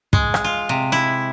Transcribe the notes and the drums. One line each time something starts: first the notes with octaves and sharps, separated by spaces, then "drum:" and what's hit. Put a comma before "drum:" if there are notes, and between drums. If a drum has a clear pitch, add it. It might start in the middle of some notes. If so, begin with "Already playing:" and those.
G#3, drum: kick
drum: rim click
F4
C3
E4